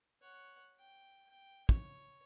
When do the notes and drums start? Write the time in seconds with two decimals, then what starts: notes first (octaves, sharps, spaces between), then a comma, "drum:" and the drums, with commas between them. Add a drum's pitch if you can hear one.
0.22 C#5 F#5
0.79 G5
1.30 G5
1.69 C#5, drum: kick